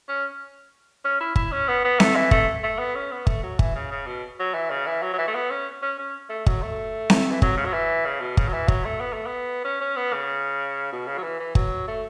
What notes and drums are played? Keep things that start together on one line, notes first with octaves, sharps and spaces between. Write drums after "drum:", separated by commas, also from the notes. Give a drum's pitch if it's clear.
C#4
C#4
E4
E4, drum: kick G1
C#4
B3
B3
A3, drum: snare C4
E3
A3, drum: kick G1
A3
B3
C#4
B3
A3, drum: kick G1
F#3
E3, drum: kick G1
C#3
C#3
B2
F#3
E3
C#3
E3
F#3
F#3
E3
A3
B3
C#4
C#4
C#4
A3
F#3, drum: kick G1
A3
drum: snare C4
E3
F#3, drum: kick G1
C#3
F#3
E3
C#3
B2
C#3, drum: kick G1
F#3
E3
F#3, drum: kick G1
A3
B3
A3
B3
C#4
C#4
B3
C#3
B2
C#3
F#3
E3
E3
F#3, drum: kick G1
A3